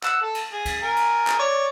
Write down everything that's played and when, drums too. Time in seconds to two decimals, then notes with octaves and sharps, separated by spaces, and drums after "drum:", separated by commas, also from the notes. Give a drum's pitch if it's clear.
0.04 F#5 E6, drum: clap
0.22 A4
0.35 drum: cymbal
0.53 G#4
0.65 drum: kick C#2, cymbal
0.82 A#4 G#5
0.96 drum: cymbal
1.27 drum: clap
1.39 C#5 D5